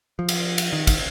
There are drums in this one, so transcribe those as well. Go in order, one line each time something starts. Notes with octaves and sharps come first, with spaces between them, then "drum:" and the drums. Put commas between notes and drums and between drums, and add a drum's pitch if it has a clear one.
F3
drum: cymbal
drum: cymbal
D#3
drum: kick, cymbal